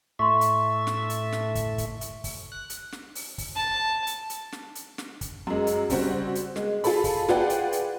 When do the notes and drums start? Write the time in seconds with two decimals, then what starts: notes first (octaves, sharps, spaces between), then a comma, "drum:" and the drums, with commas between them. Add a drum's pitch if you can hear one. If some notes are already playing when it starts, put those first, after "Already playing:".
0.19 A2 A3 E5 C6 C#6
0.41 drum: hi-hat
0.87 drum: snare
1.10 drum: hi-hat
1.32 drum: snare
1.55 drum: kick, hi-hat
1.78 drum: kick, hi-hat
2.01 drum: hi-hat
2.24 drum: kick, open hi-hat
2.52 F#6
2.70 drum: hi-hat
2.92 drum: snare
3.15 drum: open hi-hat
3.38 drum: kick, open hi-hat
3.56 A5
4.07 drum: hi-hat
4.30 drum: hi-hat
4.52 drum: snare
4.75 drum: hi-hat
4.98 drum: snare
5.21 drum: kick, hi-hat
5.47 F#2 G#3
5.67 drum: hi-hat
5.90 C#3 G3 C4 F#4, drum: kick, open hi-hat
6.35 drum: hi-hat
6.56 G#3, drum: snare
6.84 F4 G#4 A4 B5, drum: open hi-hat
7.04 drum: kick, open hi-hat
7.28 F4 G#4 B4 D5 F#5 G5, drum: snare
7.50 drum: hi-hat
7.72 drum: hi-hat